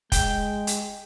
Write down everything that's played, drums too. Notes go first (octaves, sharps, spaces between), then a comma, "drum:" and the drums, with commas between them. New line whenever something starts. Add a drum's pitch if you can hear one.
G#3 G5, drum: kick, hi-hat
drum: hi-hat